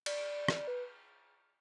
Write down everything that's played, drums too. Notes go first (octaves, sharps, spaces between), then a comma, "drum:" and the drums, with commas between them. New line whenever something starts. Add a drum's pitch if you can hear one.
D5, drum: cymbal
drum: rim click
B4